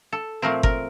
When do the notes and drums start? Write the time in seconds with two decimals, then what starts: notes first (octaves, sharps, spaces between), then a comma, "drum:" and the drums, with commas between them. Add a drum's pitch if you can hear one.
0.13 A4
0.42 A#2 F3 A3 C4 A#4
0.63 A#4, drum: kick G1